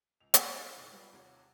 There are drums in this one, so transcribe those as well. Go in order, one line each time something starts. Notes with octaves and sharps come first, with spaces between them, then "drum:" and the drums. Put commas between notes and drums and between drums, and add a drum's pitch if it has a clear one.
C#2 F7
G#4 B4 C#5 A5 C6 F#6, drum: hi-hat
G3 D#4 G4 B4
F#1 B1 E3 C7
F#3 G3 B3 F4 G4
D#2 C3 F4 C#5 F#5